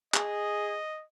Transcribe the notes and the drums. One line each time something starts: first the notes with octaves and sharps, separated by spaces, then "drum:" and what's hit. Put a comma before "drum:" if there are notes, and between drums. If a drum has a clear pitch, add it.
G#4 D#5, drum: clap